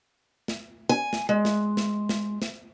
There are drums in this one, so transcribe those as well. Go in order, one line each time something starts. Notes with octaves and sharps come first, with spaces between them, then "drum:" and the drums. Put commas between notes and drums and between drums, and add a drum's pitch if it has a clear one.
drum: snare
G#5
drum: snare
G#3
drum: snare
drum: snare
drum: snare
drum: snare